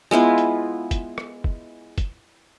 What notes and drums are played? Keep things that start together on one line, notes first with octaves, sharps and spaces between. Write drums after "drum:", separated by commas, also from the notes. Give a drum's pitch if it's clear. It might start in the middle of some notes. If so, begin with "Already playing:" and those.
G#3 B3 E4 F4
drum: hi-hat
drum: kick, hi-hat
drum: rim click
drum: kick
drum: kick, hi-hat